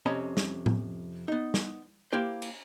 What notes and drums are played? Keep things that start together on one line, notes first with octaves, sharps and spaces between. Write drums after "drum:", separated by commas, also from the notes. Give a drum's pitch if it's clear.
F2 C3 C#4 D#5 A#5 B5
drum: snare
drum: tom A2
B3 D#4
drum: snare
A#3 E4 G4 C5
drum: cymbal